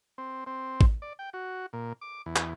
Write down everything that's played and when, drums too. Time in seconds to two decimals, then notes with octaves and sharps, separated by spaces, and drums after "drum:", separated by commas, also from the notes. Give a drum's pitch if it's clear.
0.18 C4
0.47 C4
0.81 drum: kick A1
1.02 D5
1.19 G5
1.33 F#4
1.73 A#2
2.01 D6
2.26 E2
2.36 drum: clap